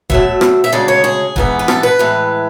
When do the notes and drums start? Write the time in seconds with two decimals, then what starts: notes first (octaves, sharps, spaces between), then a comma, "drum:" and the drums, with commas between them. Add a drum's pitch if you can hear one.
0.10 B2 F#3 A3 E5, drum: kick E1
0.41 drum: rim click
0.64 E5
0.72 D2 C#3 G#3 D5
0.88 C#5
1.04 G#4
1.36 G#2 E3 B3, drum: kick E1
1.59 B4
1.68 A4, drum: rim click
1.83 B4
1.99 A2 E3 G#3